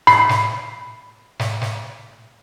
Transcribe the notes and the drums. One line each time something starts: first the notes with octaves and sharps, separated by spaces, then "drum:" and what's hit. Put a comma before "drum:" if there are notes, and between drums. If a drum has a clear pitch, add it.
B5 C7, drum: snare
drum: snare
drum: snare
drum: snare